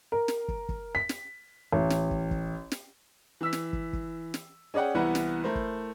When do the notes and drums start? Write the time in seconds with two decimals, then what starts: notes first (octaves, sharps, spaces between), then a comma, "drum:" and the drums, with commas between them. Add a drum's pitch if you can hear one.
0.12 A#4
0.28 drum: snare
0.48 drum: kick
0.69 drum: kick
0.95 B6
1.09 drum: snare
1.73 A1
1.90 drum: snare
2.11 drum: kick
2.31 drum: kick
2.72 drum: snare
3.41 E3 E6 B6
3.53 drum: snare
3.73 drum: kick
3.93 drum: kick
4.34 drum: snare
4.74 C#4 G#4 D5 F#5 G5
4.95 C2 E3 B3 E4 F#5
5.15 drum: snare
5.44 A3 E4 A#4 C5
5.55 drum: kick